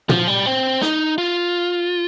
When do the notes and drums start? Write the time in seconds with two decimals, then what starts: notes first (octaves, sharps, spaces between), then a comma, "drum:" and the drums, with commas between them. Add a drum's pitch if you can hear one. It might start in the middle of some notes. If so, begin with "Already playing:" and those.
0.09 F3, drum: tom
0.28 G3
0.46 C4
0.81 D#4, drum: snare
1.18 F4